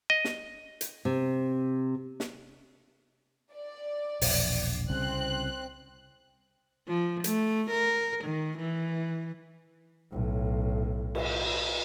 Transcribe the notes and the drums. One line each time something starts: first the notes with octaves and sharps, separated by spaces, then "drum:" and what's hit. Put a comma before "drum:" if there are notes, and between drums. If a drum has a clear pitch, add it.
D#5
drum: snare
drum: hi-hat
C3
drum: snare
D5
E1 A#1, drum: open hi-hat
C2 C#3 C4 F#6
F3
A3, drum: hi-hat
A#4
D#3
E3
B1 A2
drum: cymbal